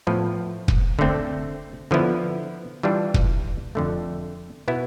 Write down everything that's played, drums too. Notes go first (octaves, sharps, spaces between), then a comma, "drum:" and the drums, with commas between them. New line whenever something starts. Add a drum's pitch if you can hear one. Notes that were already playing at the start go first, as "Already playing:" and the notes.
A2 F3 B3 E4
drum: kick
D3 A3 C4
D3 F3 B3 E4
E3 G3 D4 F4
drum: kick
F2 D3 A3
B2 B3 E4